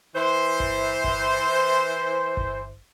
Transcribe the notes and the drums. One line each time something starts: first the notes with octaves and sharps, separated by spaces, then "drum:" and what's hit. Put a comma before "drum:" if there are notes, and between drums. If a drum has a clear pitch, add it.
E3 C5
drum: kick G1
drum: kick G1
drum: kick G1